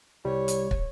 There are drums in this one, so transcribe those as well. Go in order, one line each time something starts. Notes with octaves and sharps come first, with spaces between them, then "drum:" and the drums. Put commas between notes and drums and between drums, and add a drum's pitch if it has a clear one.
C2 G3 C#5
drum: hi-hat
drum: kick